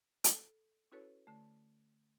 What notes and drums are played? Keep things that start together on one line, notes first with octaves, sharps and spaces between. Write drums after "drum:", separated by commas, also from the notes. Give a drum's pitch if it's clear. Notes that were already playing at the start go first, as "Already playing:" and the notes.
A4, drum: hi-hat
C#4 E4 F#4 A4 B4 C#5
D3 A3